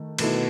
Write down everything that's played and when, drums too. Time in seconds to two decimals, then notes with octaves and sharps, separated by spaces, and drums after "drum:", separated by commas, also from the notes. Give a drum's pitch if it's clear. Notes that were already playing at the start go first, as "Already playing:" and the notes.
Already playing: D#3 A3
0.18 B2 D#3 A3 E4, drum: cymbal